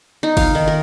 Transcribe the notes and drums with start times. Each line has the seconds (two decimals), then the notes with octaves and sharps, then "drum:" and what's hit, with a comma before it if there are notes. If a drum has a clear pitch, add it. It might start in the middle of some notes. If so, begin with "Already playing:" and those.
0.23 D#4
0.37 F5, drum: kick F#1, cymbal
0.55 D#3
0.67 A#4